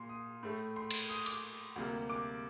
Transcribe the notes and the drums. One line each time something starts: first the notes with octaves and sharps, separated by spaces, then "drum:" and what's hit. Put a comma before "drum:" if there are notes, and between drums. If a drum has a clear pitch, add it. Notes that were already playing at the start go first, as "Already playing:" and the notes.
Already playing: A#2 C6
D#6
A2 A3
C6
drum: cymbal
D#6
D6, drum: hi-hat
D2 C3 G3 A#3
D6